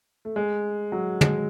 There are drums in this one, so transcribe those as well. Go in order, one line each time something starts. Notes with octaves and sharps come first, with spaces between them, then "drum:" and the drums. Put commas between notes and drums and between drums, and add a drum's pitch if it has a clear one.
A3
G#3
F#3
G#3, drum: tom